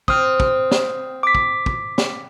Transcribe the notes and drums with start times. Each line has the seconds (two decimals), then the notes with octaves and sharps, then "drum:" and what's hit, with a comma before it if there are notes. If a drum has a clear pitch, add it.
0.08 C4 D#6 F6, drum: kick
0.40 drum: kick
0.71 drum: snare
1.23 D6 B6
1.35 drum: kick
1.66 drum: kick
1.98 drum: snare